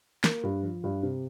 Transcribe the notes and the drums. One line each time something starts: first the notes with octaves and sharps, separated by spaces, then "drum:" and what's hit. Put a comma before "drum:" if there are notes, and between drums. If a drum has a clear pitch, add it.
A#3, drum: snare
G2
F3
G2
C3